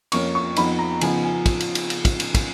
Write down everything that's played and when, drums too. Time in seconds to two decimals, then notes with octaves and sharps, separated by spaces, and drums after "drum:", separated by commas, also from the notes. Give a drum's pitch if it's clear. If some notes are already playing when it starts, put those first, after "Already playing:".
0.12 F2 F3 A#3 C#4 C#6, drum: cymbal
0.35 C#6
0.56 F2 F3 B3 D#4 B5, drum: cymbal
0.79 A#5
1.01 C#3 F3 B3 D#4 G#5, drum: cymbal
1.23 G#5
1.46 drum: kick, cymbal
1.60 drum: cymbal
1.75 drum: cymbal
1.90 drum: cymbal
2.05 drum: kick, cymbal
2.20 drum: cymbal
2.35 drum: kick, cymbal